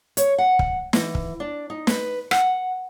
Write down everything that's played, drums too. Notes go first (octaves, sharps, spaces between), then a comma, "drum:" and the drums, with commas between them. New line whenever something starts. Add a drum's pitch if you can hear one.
C#5, drum: hi-hat
F#5
drum: kick
E3, drum: snare
drum: kick
D4
D#4
B4, drum: snare
F#5, drum: rim click